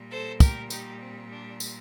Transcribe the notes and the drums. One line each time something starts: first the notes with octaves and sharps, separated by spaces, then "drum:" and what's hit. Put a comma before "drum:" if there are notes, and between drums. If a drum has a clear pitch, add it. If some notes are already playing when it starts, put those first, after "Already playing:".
Already playing: A#2 G3
A4 C5
G4 A#4, drum: kick, tambourine
D#4 G4, drum: tambourine
C4
D4
drum: tambourine